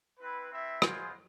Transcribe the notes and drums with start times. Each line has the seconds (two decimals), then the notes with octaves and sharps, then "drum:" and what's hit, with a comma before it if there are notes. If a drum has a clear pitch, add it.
0.20 C4 E4 B4
0.51 C4 E4 B4 E5
0.82 G#3 B3 F4 G#4 C5, drum: rim click